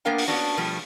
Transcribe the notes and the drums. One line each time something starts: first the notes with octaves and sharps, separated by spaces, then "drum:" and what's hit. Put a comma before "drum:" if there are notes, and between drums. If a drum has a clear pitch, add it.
A#3 B3 D4 A#4 F5 G5
drum: open hi-hat
A#3 B3 C#4 D4 F#4
B2 F3 G3 A3